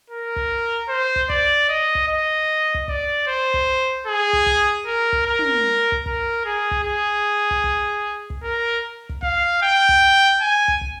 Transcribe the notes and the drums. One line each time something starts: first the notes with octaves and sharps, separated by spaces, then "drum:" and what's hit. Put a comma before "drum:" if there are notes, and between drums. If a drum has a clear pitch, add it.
A#4
drum: kick
C5
drum: kick
D5, drum: kick
D#5
drum: kick
D#5
drum: kick
D5, drum: kick
C5
drum: kick
G#4
drum: kick
drum: kick
A#4
drum: kick
A#4
drum: tom
drum: kick
A#4, drum: kick
G#4
drum: kick
G#4
drum: kick
drum: kick
drum: kick
A#4
drum: kick
F5, drum: kick
G5
drum: kick
G#5
drum: kick
drum: kick